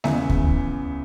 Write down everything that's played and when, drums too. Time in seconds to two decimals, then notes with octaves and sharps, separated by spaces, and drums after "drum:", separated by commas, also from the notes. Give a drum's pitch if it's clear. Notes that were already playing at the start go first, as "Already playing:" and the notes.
0.04 E2 C#3 E3 E5, drum: snare G#3
0.29 drum: kick D2